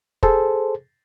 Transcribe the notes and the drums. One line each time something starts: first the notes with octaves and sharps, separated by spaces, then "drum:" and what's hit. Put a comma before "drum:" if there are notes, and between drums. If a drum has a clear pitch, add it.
G#4 A4 C5, drum: kick